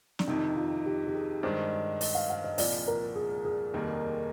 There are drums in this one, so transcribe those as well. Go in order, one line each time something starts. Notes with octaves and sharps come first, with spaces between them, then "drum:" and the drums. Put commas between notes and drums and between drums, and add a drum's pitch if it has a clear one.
D4, drum: snare
F2 C3 D#3 D#4
F4
G4
G4
G#4
G2 D#3 G#3 D4 C5
D#5, drum: open hi-hat
F5
F5
D#5
C2 A#2 F3 D5, drum: open hi-hat
A#4
G#4
G#4
F1 D#2 D#3 G3 A#3